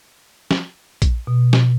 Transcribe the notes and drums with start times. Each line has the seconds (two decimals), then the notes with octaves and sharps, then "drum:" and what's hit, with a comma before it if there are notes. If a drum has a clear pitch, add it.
0.51 drum: snare
1.02 drum: kick A#1, hi-hat
1.27 B2
1.53 drum: snare